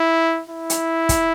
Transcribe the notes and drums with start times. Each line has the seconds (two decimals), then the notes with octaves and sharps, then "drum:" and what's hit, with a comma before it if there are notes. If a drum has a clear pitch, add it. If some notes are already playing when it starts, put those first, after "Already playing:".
Already playing: E4
0.50 E4
0.70 drum: hi-hat
1.09 drum: kick, hi-hat